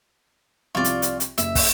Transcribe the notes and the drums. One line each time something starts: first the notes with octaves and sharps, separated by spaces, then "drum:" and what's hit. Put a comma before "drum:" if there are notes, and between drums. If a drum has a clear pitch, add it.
C2 F3 F4 D5 C#6
drum: hi-hat
drum: hi-hat
drum: hi-hat
F#1 E5, drum: hi-hat
drum: kick, open hi-hat